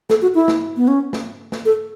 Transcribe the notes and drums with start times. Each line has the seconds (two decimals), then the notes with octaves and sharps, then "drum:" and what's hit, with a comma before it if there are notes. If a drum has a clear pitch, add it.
0.10 A4, drum: snare
0.22 F#4
0.35 E4
0.48 drum: snare
0.77 B3
0.88 C#4
1.13 drum: snare
1.52 drum: snare
1.65 A4